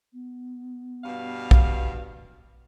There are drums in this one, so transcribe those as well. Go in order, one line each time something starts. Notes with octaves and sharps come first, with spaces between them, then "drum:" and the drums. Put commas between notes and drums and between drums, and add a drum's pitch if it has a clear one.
B3
G2 B2 F5
drum: kick A#1